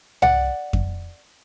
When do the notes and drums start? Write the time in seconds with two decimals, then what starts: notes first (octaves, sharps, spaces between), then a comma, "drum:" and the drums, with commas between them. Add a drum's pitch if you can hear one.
0.22 D5 F#5, drum: tom C2
0.73 drum: kick F2